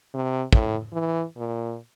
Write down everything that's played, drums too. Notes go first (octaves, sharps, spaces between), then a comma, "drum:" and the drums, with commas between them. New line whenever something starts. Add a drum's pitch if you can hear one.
C3
A2, drum: kick
E3
A#2